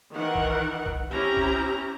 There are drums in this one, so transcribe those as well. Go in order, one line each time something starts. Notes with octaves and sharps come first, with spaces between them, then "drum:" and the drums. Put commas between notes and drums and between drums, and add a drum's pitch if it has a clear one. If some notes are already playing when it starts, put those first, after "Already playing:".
D#3 E3 A#4 F#5
drum: kick B1
drum: kick B1
C4 C#4 E4 G4 A#5
drum: kick B1